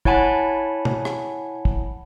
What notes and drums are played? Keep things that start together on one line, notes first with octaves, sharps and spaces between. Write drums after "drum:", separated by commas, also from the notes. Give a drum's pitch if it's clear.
E4 C#5 F#5 G#5 A5 B5, drum: kick
drum: tom B2
drum: rim click
drum: kick